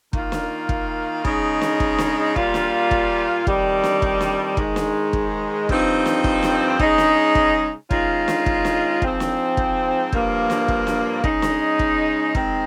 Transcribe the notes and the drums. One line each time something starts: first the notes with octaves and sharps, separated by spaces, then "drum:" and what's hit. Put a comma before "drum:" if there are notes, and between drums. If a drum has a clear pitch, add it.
D#3 A#3 F4, drum: kick
drum: snare
drum: kick
C#3 G#3 D#4, drum: kick
drum: snare
drum: kick
drum: snare
A#2 G3 A#3 F4, drum: kick
drum: snare
drum: kick
F2 D#3 G3, drum: kick
drum: snare
drum: kick
drum: snare
G#2 D#3 G#3, drum: kick
drum: snare
drum: kick
G2 F3 C4 D#4, drum: kick
drum: snare
drum: kick
drum: snare
C#3 G#3 D#4, drum: kick
drum: snare
drum: kick
D#3 G#3 C#4 F4, drum: kick
drum: snare
drum: kick
drum: snare
G#2 F3 C4, drum: kick
drum: snare
drum: kick
G2 F3 A#3, drum: kick
drum: snare
drum: kick
drum: snare
C#3 G#3 D#4, drum: kick
drum: snare
drum: kick
D#3 G#3 C4, drum: kick